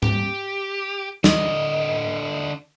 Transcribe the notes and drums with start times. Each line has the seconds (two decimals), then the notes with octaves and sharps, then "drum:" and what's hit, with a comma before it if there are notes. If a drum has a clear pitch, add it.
0.03 G4, drum: tom G#2
1.24 D3 D#5, drum: snare